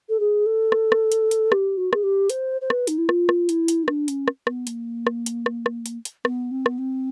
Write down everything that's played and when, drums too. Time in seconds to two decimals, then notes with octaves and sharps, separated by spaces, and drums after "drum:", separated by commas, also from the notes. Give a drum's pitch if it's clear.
0.09 A4
0.20 G#4
0.46 A4
0.72 drum: rim click
0.92 drum: rim click
1.12 drum: hi-hat
1.31 drum: hi-hat
1.52 G4, drum: rim click
1.77 F#4
1.93 G#4, drum: rim click
2.03 G4
2.30 C5, drum: hi-hat
2.61 C5
2.70 B4, drum: rim click
2.87 D#4, drum: hi-hat
2.98 E4
3.09 F4, drum: rim click
3.29 drum: rim click
3.49 E4, drum: hi-hat
3.68 drum: hi-hat
3.83 D#4
3.88 D4, drum: rim click
4.08 C#4, drum: hi-hat
4.28 drum: rim click
4.47 B3, drum: rim click
4.67 A#3, drum: hi-hat
5.07 drum: rim click
5.26 drum: hi-hat
5.46 drum: rim click
5.66 drum: rim click
5.86 drum: hi-hat
6.05 drum: hi-hat
6.25 B3, drum: rim click
6.51 C4
6.66 B3, drum: rim click
6.78 C4